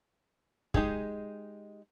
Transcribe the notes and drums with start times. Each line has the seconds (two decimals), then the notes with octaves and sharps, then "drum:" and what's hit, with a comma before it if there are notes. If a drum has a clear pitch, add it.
0.74 G#3 D#4 G4 G#4, drum: kick